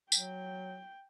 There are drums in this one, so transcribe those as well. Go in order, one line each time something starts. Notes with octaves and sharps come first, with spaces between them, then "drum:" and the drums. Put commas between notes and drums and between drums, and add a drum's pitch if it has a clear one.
F#3 G5, drum: tambourine